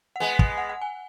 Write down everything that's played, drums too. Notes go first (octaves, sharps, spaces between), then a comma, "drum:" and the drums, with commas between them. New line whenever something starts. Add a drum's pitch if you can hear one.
F#5
G#3 B3 G#5
drum: kick
F#5
F#5
G#5